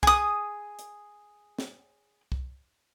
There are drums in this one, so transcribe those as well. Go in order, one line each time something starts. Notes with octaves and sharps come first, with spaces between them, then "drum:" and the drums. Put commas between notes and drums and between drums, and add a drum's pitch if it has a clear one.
G#4 D#6, drum: kick
drum: hi-hat
drum: snare
drum: kick